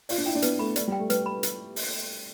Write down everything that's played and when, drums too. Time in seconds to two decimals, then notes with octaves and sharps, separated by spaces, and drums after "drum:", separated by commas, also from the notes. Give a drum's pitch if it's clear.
0.09 F4 D5, drum: open hi-hat
0.18 D4
0.26 E4 G5
0.35 D4
0.42 B3 B4, drum: hi-hat
0.59 A3 B5
0.76 A3 D5, drum: hi-hat
0.88 G3
0.92 G5
0.99 A3
1.10 G3 B4, drum: hi-hat
1.26 B5
1.43 drum: hi-hat
1.76 drum: open hi-hat